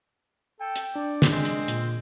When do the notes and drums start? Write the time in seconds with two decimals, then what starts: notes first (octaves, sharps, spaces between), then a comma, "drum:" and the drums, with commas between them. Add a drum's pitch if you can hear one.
0.61 A4 G5
0.76 drum: hi-hat
0.96 D4 D5
1.22 drum: snare
1.31 G#3 C4
1.45 drum: hi-hat
1.68 A#2, drum: hi-hat